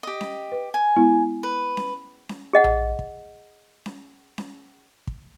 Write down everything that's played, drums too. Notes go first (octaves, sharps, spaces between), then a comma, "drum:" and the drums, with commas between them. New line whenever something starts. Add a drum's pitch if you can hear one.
G4 D#5
drum: snare C#4
B4
G#5
G#3 B3 E4
B4
drum: snare C#4
drum: snare C#4
G#4 D#5 F#5
drum: tom A#1
drum: kick
drum: snare C#4
drum: snare C#4
drum: kick